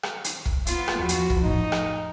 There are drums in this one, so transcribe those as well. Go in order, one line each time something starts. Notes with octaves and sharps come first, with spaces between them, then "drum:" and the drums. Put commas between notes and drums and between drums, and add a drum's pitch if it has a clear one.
drum: rim click
drum: hi-hat
drum: kick
B3 F4, drum: hi-hat
drum: rim click
E2 F3 F#4 B5
drum: hi-hat
drum: kick
F2 A2 D#4
drum: rim click